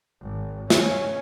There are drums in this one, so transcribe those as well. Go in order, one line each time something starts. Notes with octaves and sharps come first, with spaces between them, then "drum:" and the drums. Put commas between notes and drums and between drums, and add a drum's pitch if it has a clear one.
G#1
C#4, drum: snare